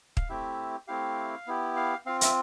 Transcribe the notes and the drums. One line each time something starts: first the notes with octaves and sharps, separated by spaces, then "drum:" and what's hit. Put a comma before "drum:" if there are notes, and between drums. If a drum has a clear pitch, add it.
F5, drum: kick
A3 C4 E4 G4 E5
A3 C4 E4 G4 F5
B3 E4 G4
F5
C4 F4 F5
E5, drum: hi-hat